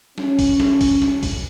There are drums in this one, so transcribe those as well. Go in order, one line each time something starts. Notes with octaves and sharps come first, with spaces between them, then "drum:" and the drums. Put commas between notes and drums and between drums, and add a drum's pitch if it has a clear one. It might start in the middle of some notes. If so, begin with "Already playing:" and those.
C#4, drum: snare
drum: kick, open hi-hat
drum: snare
drum: kick, open hi-hat
drum: snare
drum: kick, open hi-hat